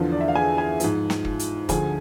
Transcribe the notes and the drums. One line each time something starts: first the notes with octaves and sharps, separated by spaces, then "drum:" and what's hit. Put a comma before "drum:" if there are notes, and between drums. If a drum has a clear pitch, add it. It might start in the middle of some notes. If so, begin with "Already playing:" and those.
Already playing: E2 D3 F3 F4
D5
E5
F5
G#4 G#5
G#4 G#5
G#2 F3, drum: hi-hat
drum: snare
drum: kick
drum: hi-hat
D2 D3 F3 G#4 G#5, drum: kick, hi-hat